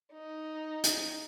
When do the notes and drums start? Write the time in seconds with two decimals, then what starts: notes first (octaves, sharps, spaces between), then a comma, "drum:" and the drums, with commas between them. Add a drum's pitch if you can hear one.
0.13 D#4
0.84 drum: hi-hat